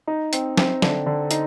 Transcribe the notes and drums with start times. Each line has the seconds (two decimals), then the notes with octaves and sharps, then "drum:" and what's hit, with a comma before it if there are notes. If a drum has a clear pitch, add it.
0.07 D#4
0.33 C4, drum: hi-hat
0.58 C4, drum: snare
0.82 D3, drum: snare
1.06 D3
1.31 D#4, drum: hi-hat